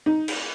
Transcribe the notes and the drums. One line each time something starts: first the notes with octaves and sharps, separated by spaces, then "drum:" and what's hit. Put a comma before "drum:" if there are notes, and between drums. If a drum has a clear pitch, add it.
D#4
drum: cymbal